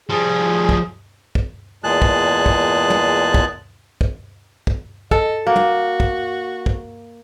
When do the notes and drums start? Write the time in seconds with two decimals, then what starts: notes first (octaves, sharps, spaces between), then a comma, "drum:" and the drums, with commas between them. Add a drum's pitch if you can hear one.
0.09 F3 G3 G#4
0.69 drum: kick
1.35 drum: kick
1.84 E2 A#2 G#3 G#4 A5 F#6
2.02 drum: kick
2.46 drum: kick
2.90 drum: tom
3.34 drum: kick
4.01 drum: kick
4.67 drum: kick
5.11 A4 D#5, drum: kick
5.47 A#3 F#4
5.56 drum: tom
6.00 drum: kick
6.66 drum: kick